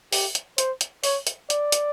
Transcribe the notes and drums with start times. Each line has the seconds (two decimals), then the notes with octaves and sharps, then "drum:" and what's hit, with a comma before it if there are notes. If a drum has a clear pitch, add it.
0.12 G4, drum: open hi-hat
0.35 drum: hi-hat
0.58 C5, drum: hi-hat
0.81 drum: hi-hat
1.04 C#5, drum: open hi-hat
1.27 drum: hi-hat
1.50 D5, drum: hi-hat
1.72 drum: hi-hat